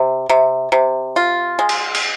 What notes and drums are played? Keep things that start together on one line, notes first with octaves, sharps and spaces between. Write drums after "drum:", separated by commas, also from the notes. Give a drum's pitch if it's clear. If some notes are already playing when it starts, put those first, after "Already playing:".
Already playing: C3
C3
C3
F4
G#3
drum: cymbal
drum: cymbal